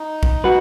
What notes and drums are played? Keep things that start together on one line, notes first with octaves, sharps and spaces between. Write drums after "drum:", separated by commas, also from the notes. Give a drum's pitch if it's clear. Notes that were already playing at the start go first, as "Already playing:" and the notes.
Already playing: D#4
drum: kick
F#4 B4